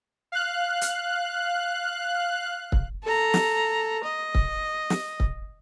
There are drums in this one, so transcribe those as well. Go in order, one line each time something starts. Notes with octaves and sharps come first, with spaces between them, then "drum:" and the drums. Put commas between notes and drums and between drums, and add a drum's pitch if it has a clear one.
F5 F#6
drum: hi-hat
drum: kick
A4 A#5
drum: snare
D#5
drum: kick
drum: snare
drum: kick